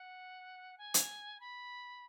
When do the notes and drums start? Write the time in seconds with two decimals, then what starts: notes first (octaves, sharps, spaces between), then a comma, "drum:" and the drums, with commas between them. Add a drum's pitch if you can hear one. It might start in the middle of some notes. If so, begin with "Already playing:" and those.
Already playing: F#5
0.78 G#5
0.94 drum: hi-hat
1.40 B5